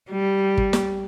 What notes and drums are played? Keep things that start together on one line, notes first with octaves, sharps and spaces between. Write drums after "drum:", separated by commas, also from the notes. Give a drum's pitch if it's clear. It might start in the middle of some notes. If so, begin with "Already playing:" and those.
G3
drum: kick
drum: snare